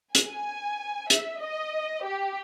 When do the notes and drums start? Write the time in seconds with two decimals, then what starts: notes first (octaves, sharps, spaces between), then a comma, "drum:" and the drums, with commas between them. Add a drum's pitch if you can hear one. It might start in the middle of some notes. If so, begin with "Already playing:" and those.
0.15 G#5, drum: hi-hat
1.10 E5, drum: hi-hat
1.41 D#5
2.05 G4